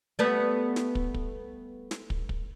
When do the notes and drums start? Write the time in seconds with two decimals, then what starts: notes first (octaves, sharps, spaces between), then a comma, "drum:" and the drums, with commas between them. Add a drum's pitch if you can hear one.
0.19 G3 A3 B3
0.76 drum: snare
0.95 drum: kick
1.14 drum: kick
1.91 drum: snare
2.10 drum: kick
2.29 drum: kick